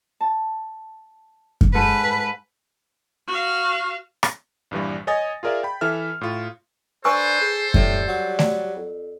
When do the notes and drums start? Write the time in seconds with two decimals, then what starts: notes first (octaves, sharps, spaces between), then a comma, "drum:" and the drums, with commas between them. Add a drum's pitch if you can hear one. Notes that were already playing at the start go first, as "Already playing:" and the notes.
0.21 A5
1.61 drum: kick F#2
1.74 G#2 A4 B4
3.27 F#4 F5
4.23 drum: rim click
4.71 A#1 G2 E3 G3
5.07 C#5 D#5 G#5 D#6 A6 A#6
5.43 F4 G#4 A#4 D5 E5 F5
5.63 G5 B5
5.81 E3 E4 A4 E5 F6
6.21 A2 F4
7.05 D4 A4 B4 C5 G#5 C#6 E6
7.41 G#4
7.74 A2 G3, drum: kick F#2
8.08 F#3
8.39 D5, drum: snare A3
8.76 F2